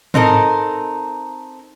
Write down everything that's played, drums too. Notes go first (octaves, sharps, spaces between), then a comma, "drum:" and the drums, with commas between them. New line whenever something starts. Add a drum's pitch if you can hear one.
C4 D#4 A4 A#4, drum: tom G#2